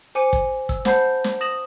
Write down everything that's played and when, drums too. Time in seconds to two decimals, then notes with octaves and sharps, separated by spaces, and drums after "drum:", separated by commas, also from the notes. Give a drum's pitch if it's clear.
0.15 C5 G#5 D6 C#7 D#7
0.33 drum: kick
0.69 E6, drum: kick
0.85 C5 F#5 A5 B5 G6 C7, drum: snare
1.24 drum: snare
1.41 D#6 A#6 E7 F#7